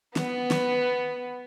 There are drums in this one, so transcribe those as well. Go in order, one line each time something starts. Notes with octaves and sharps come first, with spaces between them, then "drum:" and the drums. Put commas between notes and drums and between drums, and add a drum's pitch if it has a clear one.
B3, drum: snare
drum: snare